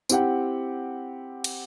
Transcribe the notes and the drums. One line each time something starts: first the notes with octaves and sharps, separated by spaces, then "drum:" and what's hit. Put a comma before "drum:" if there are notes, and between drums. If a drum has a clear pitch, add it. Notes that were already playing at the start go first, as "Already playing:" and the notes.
C4 E4 G4 F#5 G5, drum: tambourine
drum: cymbal